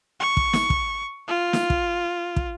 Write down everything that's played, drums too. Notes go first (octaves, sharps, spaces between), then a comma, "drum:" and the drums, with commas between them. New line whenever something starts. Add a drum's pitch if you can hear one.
C#6
drum: kick
drum: snare
drum: kick
F4
drum: snare
drum: kick
drum: kick